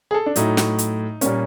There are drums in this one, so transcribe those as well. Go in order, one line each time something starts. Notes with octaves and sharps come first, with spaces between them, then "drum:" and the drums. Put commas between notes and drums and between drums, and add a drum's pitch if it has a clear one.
G#4
A4
D4
A2 F#3 A3 D#4, drum: hi-hat
drum: snare
drum: hi-hat
A#2 G3 A#3 C#4, drum: hi-hat